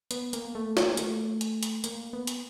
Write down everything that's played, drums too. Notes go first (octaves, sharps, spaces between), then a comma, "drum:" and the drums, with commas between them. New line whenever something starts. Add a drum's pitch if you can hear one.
B3, drum: hi-hat
A#3, drum: hi-hat
A3
A#3, drum: snare
A#3
A3, drum: hi-hat
drum: hi-hat
drum: hi-hat
A#3, drum: hi-hat
B3
drum: hi-hat